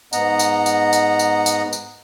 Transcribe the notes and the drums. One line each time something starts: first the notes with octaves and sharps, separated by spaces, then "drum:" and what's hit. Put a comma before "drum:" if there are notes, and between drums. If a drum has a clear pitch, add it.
G#2 B3 D#5 F#5 A#5, drum: tambourine
drum: tambourine
drum: tambourine
drum: tambourine
drum: tambourine
drum: tambourine
drum: tambourine